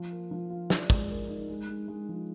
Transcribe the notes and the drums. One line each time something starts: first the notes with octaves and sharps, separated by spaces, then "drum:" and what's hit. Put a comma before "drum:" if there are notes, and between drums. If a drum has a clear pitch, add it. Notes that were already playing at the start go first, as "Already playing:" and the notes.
Already playing: F3
A#3
F3
F4
D5, drum: snare
G#3, drum: kick
A#4
D#4
G#3
G#3
G#3
F3